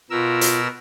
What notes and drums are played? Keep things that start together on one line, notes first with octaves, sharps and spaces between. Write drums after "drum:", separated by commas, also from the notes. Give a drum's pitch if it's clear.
B2 F4 A#4 E6
drum: hi-hat